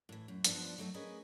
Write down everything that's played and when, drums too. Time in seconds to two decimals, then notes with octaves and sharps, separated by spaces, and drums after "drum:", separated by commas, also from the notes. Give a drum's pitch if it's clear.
0.09 A2 E3
0.28 F#2
0.44 G2 F3 B3 D4, drum: hi-hat
0.78 F#3 A3 D#4 F#4
0.94 C#4 G#4 A#4 B4 D#5